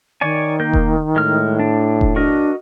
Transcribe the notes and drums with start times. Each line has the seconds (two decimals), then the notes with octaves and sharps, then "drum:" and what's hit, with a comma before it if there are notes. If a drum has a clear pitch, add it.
0.21 D#3 C#5 D5 G#5
0.60 A#3 A#4 G6
0.73 drum: kick E1
1.16 A2 G#3 F6
1.59 D4
2.01 drum: kick E1
2.16 D4 F#4 A#4 D#5